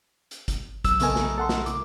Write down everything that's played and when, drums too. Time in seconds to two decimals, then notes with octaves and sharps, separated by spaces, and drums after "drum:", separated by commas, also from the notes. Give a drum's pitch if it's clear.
0.31 drum: hi-hat
0.48 drum: kick, hi-hat
0.84 B1 E6, drum: kick, hi-hat
1.00 C#3 A3 B3 A#4 D#5 G#5, drum: hi-hat
1.15 drum: snare
1.38 A4 F#5 C6
1.49 drum: snare
1.66 C#2 E4 D6, drum: hi-hat